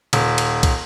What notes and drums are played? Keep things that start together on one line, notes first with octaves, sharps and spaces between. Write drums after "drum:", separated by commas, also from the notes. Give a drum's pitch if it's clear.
D#1, drum: cymbal
drum: cymbal
drum: kick, cymbal